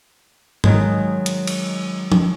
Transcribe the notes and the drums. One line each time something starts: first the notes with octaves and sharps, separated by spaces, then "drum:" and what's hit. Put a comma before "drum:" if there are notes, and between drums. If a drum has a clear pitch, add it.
D#3 F#3 G#3, drum: tom G#2
drum: hi-hat
drum: cymbal
drum: tom F3